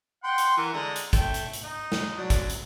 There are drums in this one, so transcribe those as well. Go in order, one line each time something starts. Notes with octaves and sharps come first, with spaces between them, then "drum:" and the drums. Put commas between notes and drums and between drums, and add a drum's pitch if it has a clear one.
F#5 G5 C6
drum: hi-hat
E3 A#4 F#5
D3 G#3 A#5
drum: hi-hat
A3 G5, drum: kick, hi-hat
drum: hi-hat
drum: hi-hat
D#4
drum: snare
F#3 D4
drum: kick, hi-hat
drum: hi-hat